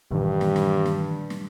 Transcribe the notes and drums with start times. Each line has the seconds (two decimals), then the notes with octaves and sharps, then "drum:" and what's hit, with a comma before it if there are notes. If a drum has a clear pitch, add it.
0.11 G2 A#2 D#3 E3
0.41 drum: snare
0.56 drum: snare
0.86 drum: snare
1.30 drum: snare